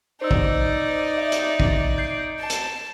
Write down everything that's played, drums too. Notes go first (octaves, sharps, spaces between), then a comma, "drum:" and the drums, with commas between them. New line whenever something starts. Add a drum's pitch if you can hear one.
D#4 C5 D5 E6
drum: kick
E5
drum: hi-hat
drum: kick
G6 C7 D7
A5
drum: hi-hat